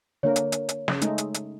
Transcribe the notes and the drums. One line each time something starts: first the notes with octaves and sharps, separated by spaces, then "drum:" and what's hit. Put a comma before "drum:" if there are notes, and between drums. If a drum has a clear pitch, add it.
D3 A#3 A#4 C#5
drum: hi-hat
drum: hi-hat
drum: hi-hat
C#3, drum: snare
G#3 A3 D#4, drum: hi-hat
drum: hi-hat
drum: hi-hat